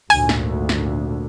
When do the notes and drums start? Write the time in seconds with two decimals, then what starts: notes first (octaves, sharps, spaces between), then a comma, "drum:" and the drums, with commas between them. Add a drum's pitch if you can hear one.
0.10 G#1 D2 A#2 G#5, drum: open hi-hat
0.29 drum: snare
0.69 drum: snare